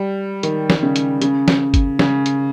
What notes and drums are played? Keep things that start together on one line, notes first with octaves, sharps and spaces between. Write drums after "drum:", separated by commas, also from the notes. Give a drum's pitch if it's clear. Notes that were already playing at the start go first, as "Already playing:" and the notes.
Already playing: G3
D#3, drum: hi-hat
drum: snare
C#3
drum: hi-hat
C#3, drum: hi-hat
drum: snare
drum: kick G1, hi-hat
C#3, drum: snare
drum: hi-hat